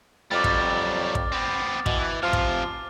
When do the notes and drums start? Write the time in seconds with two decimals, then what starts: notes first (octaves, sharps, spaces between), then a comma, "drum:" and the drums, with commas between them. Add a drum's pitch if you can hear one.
0.31 F2 F#3 G3 D6 F6 A6
0.44 drum: kick
1.15 drum: kick
1.32 B3 C4
1.86 B2 E3, drum: kick
2.23 C3 F3 F4 F6
2.33 drum: kick